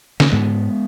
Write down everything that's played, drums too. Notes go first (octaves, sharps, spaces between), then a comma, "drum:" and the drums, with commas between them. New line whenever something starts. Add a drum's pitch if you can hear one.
C#4, drum: snare
G#2 G#3 B3